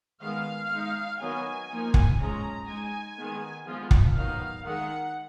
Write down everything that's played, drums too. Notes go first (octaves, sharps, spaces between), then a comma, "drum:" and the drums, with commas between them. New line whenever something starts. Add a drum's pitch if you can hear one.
D#3 G#3 B3 F5
G#3 D#4
D#3 F#3 B3 D#4 G#5
F3 A#3 D#4
drum: kick
F3 G#3 C#4 A#5
G#3 D#4 G#5
D#3 G#3 B3
F3 G#3 B3 F4
drum: kick
D#3 F#3 B3 D#4 F5
D#3 G#3 D#4 F#5